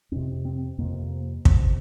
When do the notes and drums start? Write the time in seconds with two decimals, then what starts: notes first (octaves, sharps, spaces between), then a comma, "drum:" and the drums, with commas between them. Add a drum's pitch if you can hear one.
0.12 F2 C3 C4
0.45 C4
0.78 F2 C3 A#3
1.45 F2 C3, drum: kick